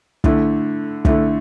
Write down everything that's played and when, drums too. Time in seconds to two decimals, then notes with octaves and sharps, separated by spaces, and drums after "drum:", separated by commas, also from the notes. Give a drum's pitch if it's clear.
0.24 D3 A3 E4, drum: kick
1.05 D3 A3 E4, drum: kick